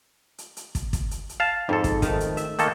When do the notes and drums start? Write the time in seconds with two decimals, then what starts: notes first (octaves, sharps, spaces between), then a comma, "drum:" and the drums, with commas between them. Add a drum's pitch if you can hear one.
0.38 drum: hi-hat
0.57 drum: hi-hat
0.75 drum: kick, hi-hat
0.93 drum: kick, hi-hat
1.11 drum: hi-hat
1.29 drum: hi-hat
1.40 F5 A5
1.69 F2 G#2 A4
1.84 drum: kick, hi-hat
2.02 D#3 A3, drum: kick, hi-hat
2.20 drum: hi-hat
2.37 E5, drum: hi-hat
2.59 D#3 A#3 A4, drum: hi-hat